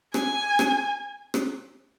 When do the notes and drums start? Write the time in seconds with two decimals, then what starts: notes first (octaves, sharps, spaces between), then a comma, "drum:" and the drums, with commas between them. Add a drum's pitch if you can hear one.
0.14 G#5, drum: rim click
0.59 drum: rim click
1.34 drum: rim click